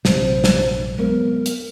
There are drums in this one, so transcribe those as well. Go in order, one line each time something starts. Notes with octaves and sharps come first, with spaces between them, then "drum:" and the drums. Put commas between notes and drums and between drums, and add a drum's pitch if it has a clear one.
A#1 F#2 C3 C5, drum: snare
drum: snare
F#3 G#3 B3 A#4
drum: hi-hat